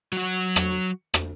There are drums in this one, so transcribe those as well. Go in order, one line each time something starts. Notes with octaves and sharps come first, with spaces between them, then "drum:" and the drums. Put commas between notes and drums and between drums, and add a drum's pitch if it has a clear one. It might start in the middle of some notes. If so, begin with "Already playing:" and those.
F#3 F#4
drum: rim click
drum: rim click